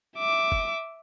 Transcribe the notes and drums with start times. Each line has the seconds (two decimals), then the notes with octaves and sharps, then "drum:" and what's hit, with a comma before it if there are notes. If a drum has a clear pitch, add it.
0.17 E5 D6
0.52 drum: kick F#1